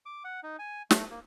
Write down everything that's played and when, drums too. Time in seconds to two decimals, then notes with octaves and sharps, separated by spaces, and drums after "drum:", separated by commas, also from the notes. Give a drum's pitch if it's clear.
0.06 D6
0.24 F#5
0.43 D#4
0.59 G#5
0.91 A3, drum: snare
1.11 A#3